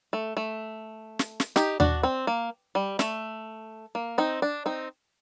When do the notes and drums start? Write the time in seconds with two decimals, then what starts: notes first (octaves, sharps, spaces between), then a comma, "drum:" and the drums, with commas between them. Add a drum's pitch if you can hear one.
0.13 A3
0.37 A3
1.19 drum: snare
1.40 drum: snare
1.56 D#4 G4, drum: snare
1.80 D4 F#4, drum: tom D#2
2.03 C4
2.27 A#3
2.75 G3
2.99 A3, drum: snare
3.95 A#3
4.18 C4 D#4
4.42 D4
4.66 C4 D#4